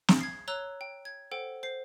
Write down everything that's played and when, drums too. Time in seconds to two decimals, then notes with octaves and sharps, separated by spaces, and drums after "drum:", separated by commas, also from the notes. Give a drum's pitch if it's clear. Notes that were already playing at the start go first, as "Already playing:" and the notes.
0.08 drum: snare
0.21 G#6 C7
0.48 C#5 A#5 E6 F#6 G7
0.81 G5
1.05 G#6
1.31 A4 C5 F#5 G5
1.63 C5 C7